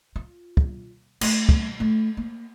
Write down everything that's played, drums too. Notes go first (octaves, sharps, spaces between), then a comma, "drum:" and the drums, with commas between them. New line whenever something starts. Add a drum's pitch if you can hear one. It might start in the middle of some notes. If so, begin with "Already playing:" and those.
F4
drum: kick
A3, drum: cymbal
drum: kick
A3
A#3